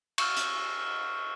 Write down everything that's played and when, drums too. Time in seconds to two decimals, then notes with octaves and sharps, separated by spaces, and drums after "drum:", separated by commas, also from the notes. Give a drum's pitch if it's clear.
0.18 C#6 E6 F6, drum: cymbal
0.36 drum: hi-hat